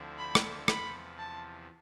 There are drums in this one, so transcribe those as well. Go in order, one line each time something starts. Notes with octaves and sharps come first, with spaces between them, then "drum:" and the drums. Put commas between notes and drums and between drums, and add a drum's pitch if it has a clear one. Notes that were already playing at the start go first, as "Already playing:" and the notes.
Already playing: D2 D3 F3 C4 E4
B5
drum: rim click
E2 C3 F3 B5, drum: rim click
A5